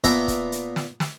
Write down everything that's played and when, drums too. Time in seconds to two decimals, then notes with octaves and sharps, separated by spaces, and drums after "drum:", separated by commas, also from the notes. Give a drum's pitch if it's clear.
0.04 A#2 B3 A#4 E5 A5 A#5, drum: kick, hi-hat
0.28 drum: kick, hi-hat
0.52 drum: hi-hat
0.76 drum: snare
1.00 drum: snare